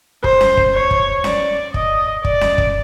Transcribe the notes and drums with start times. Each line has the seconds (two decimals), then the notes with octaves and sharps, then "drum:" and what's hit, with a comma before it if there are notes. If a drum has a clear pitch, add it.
0.24 C5, drum: kick
0.41 drum: snare C#4
0.57 drum: kick
0.74 C#5
0.91 drum: kick
1.24 D5, drum: snare C#4
1.74 D#5, drum: kick
2.25 D5, drum: kick
2.41 drum: snare C#4
2.58 drum: kick